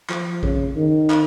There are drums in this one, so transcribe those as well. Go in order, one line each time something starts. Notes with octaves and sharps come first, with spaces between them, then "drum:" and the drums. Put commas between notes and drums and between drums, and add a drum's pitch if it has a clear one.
F3, drum: clap
C#3, drum: kick A#1
D#3
drum: clap